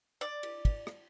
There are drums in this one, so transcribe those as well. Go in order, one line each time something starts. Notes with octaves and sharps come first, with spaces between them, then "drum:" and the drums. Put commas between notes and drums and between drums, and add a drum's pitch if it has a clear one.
D5
drum: cymbal
drum: kick, cymbal
drum: rim click